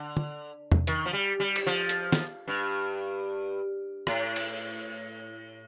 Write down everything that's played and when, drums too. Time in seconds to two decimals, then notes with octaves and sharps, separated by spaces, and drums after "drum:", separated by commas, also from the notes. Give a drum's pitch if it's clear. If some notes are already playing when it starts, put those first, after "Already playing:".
Already playing: D3
0.17 drum: tom
0.72 drum: tom E2
0.87 D#3, drum: hi-hat
1.06 F3
1.13 G3
1.40 G3
1.56 drum: cymbal
1.66 F3
1.89 drum: hi-hat
2.12 drum: snare
2.48 G2
4.07 A2, drum: rim click
4.36 drum: cymbal